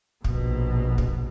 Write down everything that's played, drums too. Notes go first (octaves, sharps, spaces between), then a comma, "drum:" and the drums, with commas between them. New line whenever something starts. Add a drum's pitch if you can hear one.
A#1 B2, drum: kick
drum: kick